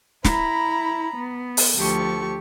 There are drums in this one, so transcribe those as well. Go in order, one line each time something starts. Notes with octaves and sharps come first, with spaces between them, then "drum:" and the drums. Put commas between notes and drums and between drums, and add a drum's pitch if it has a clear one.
E4 A#5 B5, drum: snare
B3
drum: open hi-hat
D2 F3 G4 A4 C#6